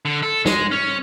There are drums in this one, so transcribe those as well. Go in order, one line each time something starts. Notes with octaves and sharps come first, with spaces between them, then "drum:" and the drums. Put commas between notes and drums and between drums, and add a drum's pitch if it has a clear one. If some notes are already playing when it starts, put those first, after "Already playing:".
D3
A4
G#3, drum: snare
C#4